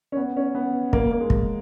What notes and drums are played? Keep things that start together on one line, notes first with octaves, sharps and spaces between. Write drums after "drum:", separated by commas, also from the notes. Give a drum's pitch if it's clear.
C#4
B3
C#4
B3
A#3, drum: kick
A#3
G#3
drum: kick